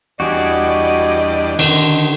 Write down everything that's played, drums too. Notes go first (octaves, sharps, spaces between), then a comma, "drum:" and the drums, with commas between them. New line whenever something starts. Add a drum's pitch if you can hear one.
E2 G3 D4 F#4 G#4 D#5
D3 D#3, drum: cymbal